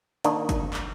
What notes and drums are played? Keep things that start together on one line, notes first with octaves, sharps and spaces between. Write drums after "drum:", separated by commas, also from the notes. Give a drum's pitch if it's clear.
D#3 A#3 D4, drum: hi-hat
drum: kick G1, hi-hat
drum: clap